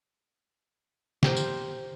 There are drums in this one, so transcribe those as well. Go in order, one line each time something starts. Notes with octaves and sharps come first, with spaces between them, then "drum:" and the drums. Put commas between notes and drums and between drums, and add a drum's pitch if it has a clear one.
G4 A#4 C5, drum: snare
drum: tambourine